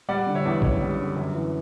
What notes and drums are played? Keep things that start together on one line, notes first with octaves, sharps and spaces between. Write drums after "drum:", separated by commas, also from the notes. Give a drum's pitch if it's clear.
G3 D5 F#5
D3
C#5 E5
E2
F#1 C#5, drum: kick A#1
G3
D3
F#2
E3